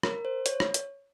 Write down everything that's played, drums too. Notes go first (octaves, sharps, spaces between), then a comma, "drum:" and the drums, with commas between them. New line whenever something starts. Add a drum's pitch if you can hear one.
A#4, drum: rim click
C5
C#5, drum: hi-hat
drum: rim click
drum: hi-hat